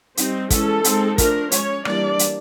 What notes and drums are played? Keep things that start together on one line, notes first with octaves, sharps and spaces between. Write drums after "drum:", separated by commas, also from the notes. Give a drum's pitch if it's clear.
G3 C4 D#4, drum: hi-hat
E3 G#3 C#4 A4, drum: kick, hi-hat
G#3 C4 D#4, drum: hi-hat
F3 A3 D4 A#4, drum: kick, hi-hat
G#3 C#4 C#5, drum: hi-hat
E3 G3 A#3 D4 D5, drum: rim click
drum: hi-hat